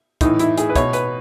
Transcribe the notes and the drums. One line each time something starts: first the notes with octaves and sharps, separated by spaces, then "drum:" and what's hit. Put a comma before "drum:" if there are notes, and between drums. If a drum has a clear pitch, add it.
A2 E3 D#4, drum: kick, hi-hat
E4, drum: hi-hat
G#4, drum: hi-hat
B4
B2 C#5, drum: kick, hi-hat
B4, drum: hi-hat